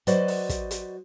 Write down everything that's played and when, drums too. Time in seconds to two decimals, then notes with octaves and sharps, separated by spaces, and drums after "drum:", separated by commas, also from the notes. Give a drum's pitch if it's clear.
0.07 F#3 F#4 B4 C5 D5 D#5, drum: hi-hat
0.28 drum: open hi-hat
0.49 drum: kick, hi-hat
0.71 drum: hi-hat